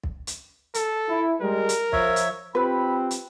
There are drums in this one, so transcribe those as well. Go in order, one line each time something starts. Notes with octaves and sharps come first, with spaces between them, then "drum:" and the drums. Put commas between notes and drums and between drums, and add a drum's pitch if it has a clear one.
drum: kick
drum: hi-hat
A4, drum: hi-hat
E4
G3 G#3 A#4
drum: hi-hat
F3 C#5 E5, drum: kick
drum: hi-hat
C4 F4 G4 B4 B5 F#6
drum: hi-hat